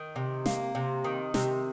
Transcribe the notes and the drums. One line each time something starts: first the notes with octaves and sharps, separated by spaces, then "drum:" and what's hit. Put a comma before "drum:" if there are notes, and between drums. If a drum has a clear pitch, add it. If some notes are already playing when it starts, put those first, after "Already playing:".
Already playing: D#3
C3
A#3, drum: snare
C3
D#3
C3, drum: snare